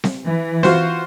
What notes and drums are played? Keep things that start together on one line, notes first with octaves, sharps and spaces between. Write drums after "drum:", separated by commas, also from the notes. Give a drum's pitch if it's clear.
drum: snare C4
E3
F4 F#4 C5, drum: snare C4